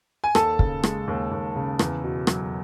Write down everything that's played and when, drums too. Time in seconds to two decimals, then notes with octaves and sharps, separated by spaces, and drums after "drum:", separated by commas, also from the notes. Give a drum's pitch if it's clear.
0.24 G#5
0.35 D#2 A4 A5, drum: rim click
0.59 C#3, drum: kick
0.83 G#3, drum: rim click
1.07 D#2
1.31 D#2
1.56 C#3
1.79 E2, drum: rim click
2.04 B2
2.27 F#3, drum: rim click